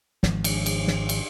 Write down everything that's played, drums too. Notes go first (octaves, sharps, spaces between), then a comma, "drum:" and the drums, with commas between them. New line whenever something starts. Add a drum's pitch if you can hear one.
G#1 F3, drum: snare
drum: cymbal
drum: cymbal
drum: snare
drum: cymbal